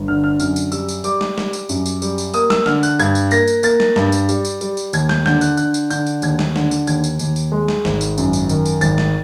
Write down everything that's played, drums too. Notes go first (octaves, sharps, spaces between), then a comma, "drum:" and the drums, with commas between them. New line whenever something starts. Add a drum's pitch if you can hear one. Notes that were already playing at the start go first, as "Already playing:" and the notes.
Already playing: G1
D3 F6
F6
F#2 F6, drum: tambourine
drum: tambourine
G3 E6, drum: tambourine
drum: tambourine
G3 D6, drum: tambourine
drum: snare
G3, drum: snare
drum: tambourine
F#2, drum: tambourine
drum: tambourine
G3, drum: tambourine
drum: tambourine
A#3 D#6, drum: tambourine
E6, drum: snare
D3 F6, drum: snare
F#6, drum: tambourine
G2 G#6, drum: tambourine
drum: tambourine
A#3 A#6, drum: tambourine
drum: tambourine
A#3 A6, drum: tambourine
drum: snare
G2, drum: snare
drum: tambourine
G3, drum: tambourine
drum: tambourine
G3, drum: tambourine
drum: tambourine
D#2 G#6, drum: tambourine
G6, drum: snare
D3 G6, drum: snare
F#6, drum: tambourine
D3 F#6, drum: tambourine
drum: tambourine
D3 G6, drum: tambourine
drum: tambourine
D#2 G#6, drum: tambourine
drum: snare
D3, drum: snare
drum: tambourine
D#2 G#6, drum: tambourine
drum: tambourine
D#2, drum: tambourine
drum: tambourine
G#3
drum: snare
G#1, drum: snare
drum: tambourine
F#2, drum: tambourine
drum: tambourine
D#3, drum: tambourine
drum: tambourine
G#1 A6, drum: tambourine
drum: snare